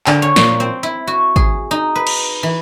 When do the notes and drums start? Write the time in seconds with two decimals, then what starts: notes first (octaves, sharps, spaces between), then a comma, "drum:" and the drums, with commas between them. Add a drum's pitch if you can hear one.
0.07 D3, drum: clap
0.22 C#5
0.36 A#2, drum: snare
0.60 C4
0.83 E4
1.07 F#4
1.36 G#4, drum: kick
1.71 D#4
1.96 B4
2.07 drum: cymbal
2.43 E3